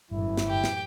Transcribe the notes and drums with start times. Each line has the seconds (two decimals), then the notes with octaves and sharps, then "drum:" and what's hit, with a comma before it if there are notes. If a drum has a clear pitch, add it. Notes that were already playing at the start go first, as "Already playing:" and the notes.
0.11 G1 F#2 A2 E3 E4
0.37 drum: snare
0.47 G4 G5
0.64 drum: snare